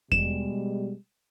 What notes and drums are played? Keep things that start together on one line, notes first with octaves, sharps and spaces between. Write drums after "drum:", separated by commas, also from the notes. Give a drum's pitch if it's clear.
B2 G3 G#3 E7, drum: kick E2